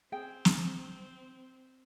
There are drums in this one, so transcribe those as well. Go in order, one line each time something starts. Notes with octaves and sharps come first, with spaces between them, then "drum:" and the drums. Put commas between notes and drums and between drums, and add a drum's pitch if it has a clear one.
C4 G#4 G5
drum: snare